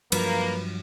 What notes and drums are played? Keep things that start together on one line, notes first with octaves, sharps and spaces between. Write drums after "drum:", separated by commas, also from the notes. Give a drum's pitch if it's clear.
G2 F3 F#3 A#3 B4, drum: cymbal